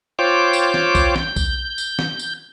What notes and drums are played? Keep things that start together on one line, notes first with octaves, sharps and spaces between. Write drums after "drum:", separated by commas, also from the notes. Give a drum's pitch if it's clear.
F4 C5 C#5 G5 D6
drum: tambourine
drum: snare
drum: kick B1, tambourine
G6, drum: snare
drum: kick B1, tambourine
drum: tambourine
drum: snare
drum: tambourine